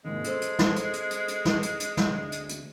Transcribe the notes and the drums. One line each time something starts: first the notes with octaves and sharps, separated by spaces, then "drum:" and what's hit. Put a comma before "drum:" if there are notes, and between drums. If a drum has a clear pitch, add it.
D#2 G#2 G#3
A4 C5, drum: hi-hat
drum: hi-hat
drum: snare
drum: hi-hat
drum: hi-hat
drum: hi-hat
drum: hi-hat
drum: snare
drum: hi-hat
drum: hi-hat
drum: snare
D2
drum: hi-hat
drum: hi-hat